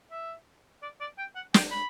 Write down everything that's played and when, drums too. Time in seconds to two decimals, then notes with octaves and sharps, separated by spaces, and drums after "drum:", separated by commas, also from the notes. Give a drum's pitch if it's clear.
0.11 E5
0.82 D5
1.00 D5
1.18 G5
1.36 F#5
1.54 G5, drum: snare
1.71 B5